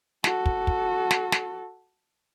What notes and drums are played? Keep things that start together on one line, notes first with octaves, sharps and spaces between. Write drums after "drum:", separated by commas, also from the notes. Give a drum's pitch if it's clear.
F#4 A4, drum: snare
drum: kick
drum: kick
drum: snare
drum: snare